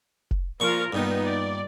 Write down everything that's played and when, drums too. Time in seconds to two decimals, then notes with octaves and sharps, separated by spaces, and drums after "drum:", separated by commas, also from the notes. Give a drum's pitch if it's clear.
0.31 drum: kick F1
0.60 A#2 F3 F4 A#4 C#6
0.93 G2 A#2 D#3 B3 D#4
1.26 D5